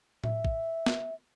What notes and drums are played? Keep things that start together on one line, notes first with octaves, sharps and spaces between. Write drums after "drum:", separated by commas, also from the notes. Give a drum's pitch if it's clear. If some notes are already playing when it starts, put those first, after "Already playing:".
E5, drum: tom A2
drum: kick
drum: snare